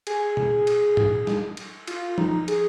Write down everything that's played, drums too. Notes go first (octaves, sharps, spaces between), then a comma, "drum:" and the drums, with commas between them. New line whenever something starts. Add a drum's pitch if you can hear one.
G#4, drum: cymbal
drum: tom B2
drum: cymbal
drum: tom G#2
drum: snare G3
drum: cymbal
F4, drum: cymbal
D#4, drum: tom F3
G#4, drum: cymbal